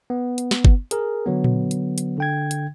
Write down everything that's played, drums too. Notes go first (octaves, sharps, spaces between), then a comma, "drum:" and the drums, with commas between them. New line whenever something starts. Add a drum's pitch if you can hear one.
B3
drum: hi-hat
drum: snare
drum: kick G1
G#4 A#4, drum: hi-hat
D3 F#3 B3
drum: tom A#2
drum: hi-hat
drum: hi-hat
D3 G5 G#6
drum: hi-hat